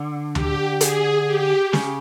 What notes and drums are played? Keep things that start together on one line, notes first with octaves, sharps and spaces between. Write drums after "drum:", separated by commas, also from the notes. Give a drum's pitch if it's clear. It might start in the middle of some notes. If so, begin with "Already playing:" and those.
Already playing: D3
G4, drum: tom D2
G#4, drum: hi-hat
G4
C#3, drum: snare